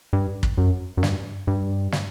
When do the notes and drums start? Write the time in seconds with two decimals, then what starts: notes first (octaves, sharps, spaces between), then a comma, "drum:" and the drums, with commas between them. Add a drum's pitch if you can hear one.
0.13 G2
0.43 drum: kick
0.58 F#2
0.97 F#2
1.03 G2, drum: snare
1.47 G2
1.92 drum: snare